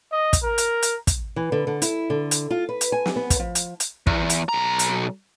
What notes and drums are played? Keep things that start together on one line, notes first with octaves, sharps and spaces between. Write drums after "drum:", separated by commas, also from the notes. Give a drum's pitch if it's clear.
D#5
drum: kick, hi-hat
A#4
drum: hi-hat
drum: hi-hat
drum: kick, hi-hat
E3
D3
D3
E4, drum: hi-hat
D3
drum: hi-hat
F4
B4
drum: hi-hat
G#5
drum: snare
B3
drum: kick, hi-hat
F3
drum: hi-hat
drum: hi-hat
E2, drum: kick
drum: hi-hat
B1 A#5
drum: hi-hat